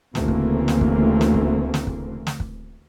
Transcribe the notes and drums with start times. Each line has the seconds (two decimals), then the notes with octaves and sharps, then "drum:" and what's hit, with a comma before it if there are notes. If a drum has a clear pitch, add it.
0.15 D2 C#3 E3 A3 A#3 C4, drum: snare
0.28 drum: kick
0.68 drum: snare
0.81 drum: kick
1.21 drum: snare
1.34 drum: kick
1.74 drum: snare
1.87 drum: kick
2.27 drum: snare
2.40 drum: kick